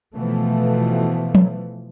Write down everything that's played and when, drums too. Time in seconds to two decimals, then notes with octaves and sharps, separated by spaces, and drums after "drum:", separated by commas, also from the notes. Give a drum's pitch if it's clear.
0.14 B2 E3 F3 A3
1.35 drum: tom F3